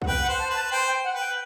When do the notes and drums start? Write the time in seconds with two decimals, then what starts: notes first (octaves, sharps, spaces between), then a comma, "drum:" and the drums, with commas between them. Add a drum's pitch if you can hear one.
0.02 F#5, drum: kick
0.07 B4 G5
0.22 F#5
0.28 C5
0.39 A5
0.50 B4 A5
0.71 C5 G5
0.87 G5
1.04 F#5
1.14 B4
1.19 G5